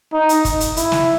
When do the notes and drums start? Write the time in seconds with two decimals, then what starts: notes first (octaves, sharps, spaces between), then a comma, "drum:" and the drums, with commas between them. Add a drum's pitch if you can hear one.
0.13 D#4
0.29 drum: hi-hat
0.45 drum: kick, hi-hat
0.60 drum: hi-hat
0.77 E4, drum: hi-hat
0.92 drum: snare